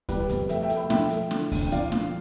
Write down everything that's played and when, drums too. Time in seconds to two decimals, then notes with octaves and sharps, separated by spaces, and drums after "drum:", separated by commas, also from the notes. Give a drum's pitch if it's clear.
0.09 G3 G4 B4, drum: kick D2, hi-hat
0.29 F2, drum: hi-hat
0.49 A3 E5 G5, drum: hi-hat
0.63 E5 G5
0.69 A3, drum: hi-hat
0.76 G5 B5
0.90 F3 E5 G5, drum: snare
1.10 A3, drum: hi-hat
1.31 D3, drum: snare
1.52 F2, drum: kick D2, open hi-hat
1.66 G5
1.72 F3 D5 F5, drum: hi-hat
1.92 F3, drum: snare